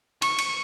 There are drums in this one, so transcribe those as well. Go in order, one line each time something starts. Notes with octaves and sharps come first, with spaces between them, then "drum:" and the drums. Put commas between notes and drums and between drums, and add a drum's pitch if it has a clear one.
C#6, drum: cymbal
drum: cymbal